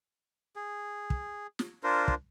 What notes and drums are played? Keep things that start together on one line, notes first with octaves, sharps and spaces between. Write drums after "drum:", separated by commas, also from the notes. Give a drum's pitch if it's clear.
G#4
drum: kick
drum: snare
D4 F4 A#4 C5
drum: kick